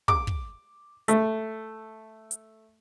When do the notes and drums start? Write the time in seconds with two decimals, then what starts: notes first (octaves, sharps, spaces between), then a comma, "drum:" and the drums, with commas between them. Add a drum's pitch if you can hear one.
0.08 D6, drum: kick
0.27 drum: kick
1.08 A3, drum: hi-hat
2.31 drum: hi-hat